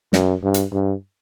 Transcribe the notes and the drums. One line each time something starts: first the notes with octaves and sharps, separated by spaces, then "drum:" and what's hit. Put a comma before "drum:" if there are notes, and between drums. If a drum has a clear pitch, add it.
F#2, drum: snare
G2
drum: hi-hat
G2